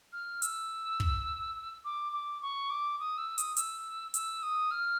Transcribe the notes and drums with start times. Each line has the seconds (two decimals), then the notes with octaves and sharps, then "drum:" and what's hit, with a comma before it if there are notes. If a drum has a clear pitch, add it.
0.13 F6
0.42 E6, drum: hi-hat
1.00 drum: kick
1.85 D6
2.13 D6
2.42 C#6
2.70 D6
3.00 D#6
3.18 E6
3.38 D#6, drum: hi-hat
3.56 E6, drum: hi-hat
4.14 E6, drum: hi-hat
4.43 D#6
4.71 F6